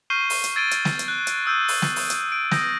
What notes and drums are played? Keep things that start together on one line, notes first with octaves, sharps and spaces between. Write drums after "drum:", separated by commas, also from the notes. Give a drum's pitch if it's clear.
C#6 F6 G6 C7 D#7 G7
drum: open hi-hat
drum: hi-hat
E6 G#6 A6 D7 D#7 G7
drum: hi-hat
drum: snare
drum: hi-hat
F#6
drum: hi-hat
D#6 E6 G6 D#7
drum: open hi-hat
drum: snare
drum: open hi-hat
drum: hi-hat
D7
D#6 G6 A#6, drum: snare